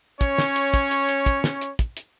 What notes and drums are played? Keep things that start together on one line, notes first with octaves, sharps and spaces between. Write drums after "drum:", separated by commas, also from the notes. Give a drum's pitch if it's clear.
C#4 C#5, drum: kick, hi-hat
drum: snare
drum: hi-hat
drum: kick, hi-hat
drum: hi-hat
drum: hi-hat
drum: kick, hi-hat
drum: snare
drum: hi-hat
drum: kick, hi-hat
drum: hi-hat